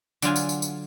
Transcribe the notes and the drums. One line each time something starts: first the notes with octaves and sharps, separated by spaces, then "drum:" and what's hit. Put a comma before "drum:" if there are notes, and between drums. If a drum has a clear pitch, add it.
D3 F#3 F4 G#5, drum: tambourine
drum: tambourine
drum: tambourine
drum: tambourine